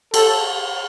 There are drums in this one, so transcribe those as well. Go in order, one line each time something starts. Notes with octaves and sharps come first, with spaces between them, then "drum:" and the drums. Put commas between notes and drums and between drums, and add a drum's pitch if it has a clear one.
A4, drum: cymbal